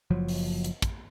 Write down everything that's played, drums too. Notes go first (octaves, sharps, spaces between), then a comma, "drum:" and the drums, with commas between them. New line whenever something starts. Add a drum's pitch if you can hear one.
F#1 F3 F#3
drum: open hi-hat
drum: hi-hat
drum: kick, hi-hat